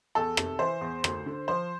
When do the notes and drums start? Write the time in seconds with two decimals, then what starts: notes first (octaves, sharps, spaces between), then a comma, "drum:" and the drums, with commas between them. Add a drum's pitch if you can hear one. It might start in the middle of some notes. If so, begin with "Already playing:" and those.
0.15 E2 A4
0.37 C3, drum: rim click
0.59 E3 C5
0.81 E2
1.04 D2, drum: rim click
1.26 D3
1.48 F3 C5